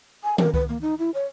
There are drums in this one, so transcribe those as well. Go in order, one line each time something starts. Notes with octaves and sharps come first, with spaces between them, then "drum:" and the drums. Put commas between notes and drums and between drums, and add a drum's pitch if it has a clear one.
G#5
A#4, drum: tom D#3
B4, drum: kick C#2
A#3
D#4
E4
C#5